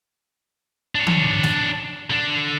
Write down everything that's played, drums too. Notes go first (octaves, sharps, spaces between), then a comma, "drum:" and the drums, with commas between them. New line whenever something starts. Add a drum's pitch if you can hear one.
D4 C#5
drum: tom D#3
drum: snare
D3 D4